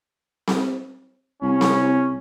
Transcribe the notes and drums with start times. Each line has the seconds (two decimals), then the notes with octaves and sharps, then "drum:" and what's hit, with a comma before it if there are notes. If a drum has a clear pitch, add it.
0.47 drum: snare C4
1.42 C2 C#4
1.61 drum: snare C4